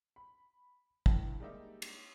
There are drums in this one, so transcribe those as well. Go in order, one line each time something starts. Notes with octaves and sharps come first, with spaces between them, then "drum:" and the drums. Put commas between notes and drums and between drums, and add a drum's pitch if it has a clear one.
B5
G1 A2 A5, drum: kick
G3 G#3 A#3 D#4 G4 E5
drum: cymbal